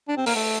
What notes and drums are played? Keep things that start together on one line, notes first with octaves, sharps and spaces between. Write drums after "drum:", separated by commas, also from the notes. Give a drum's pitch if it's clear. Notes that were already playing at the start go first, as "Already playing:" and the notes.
D4
C4
A#3, drum: open hi-hat
A3